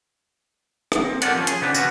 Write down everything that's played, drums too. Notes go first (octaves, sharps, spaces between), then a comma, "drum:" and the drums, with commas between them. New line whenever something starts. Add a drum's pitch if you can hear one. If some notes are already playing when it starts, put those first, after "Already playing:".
drum: rim click
C4
G4 A4 A#4 C#5 D5 F#5, drum: hi-hat
F3 C#4
G#4, drum: hi-hat
C#3 B3 C4 D4
B3 C#4 F#4, drum: tambourine